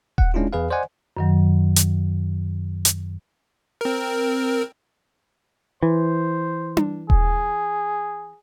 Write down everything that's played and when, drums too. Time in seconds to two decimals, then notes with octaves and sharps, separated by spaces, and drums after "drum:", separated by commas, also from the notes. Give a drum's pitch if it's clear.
0.18 F#5, drum: kick D#1
0.34 G#3 C#4 D4 E4 F4
0.53 E2 G#4 B4 F5
0.70 C5 D5 D#5 F#5 G#5
1.17 F#2 D#3 F#3
1.76 drum: hi-hat
2.85 drum: hi-hat
3.81 C4 A#4
5.83 E3 C5
6.77 drum: tom D4
7.10 G#4, drum: kick D#1